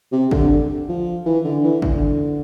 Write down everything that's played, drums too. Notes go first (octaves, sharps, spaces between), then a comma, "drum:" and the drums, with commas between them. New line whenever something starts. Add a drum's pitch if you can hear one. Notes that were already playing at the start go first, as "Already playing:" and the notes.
C3
D3, drum: kick
F3
E3
D3
E3
D3, drum: kick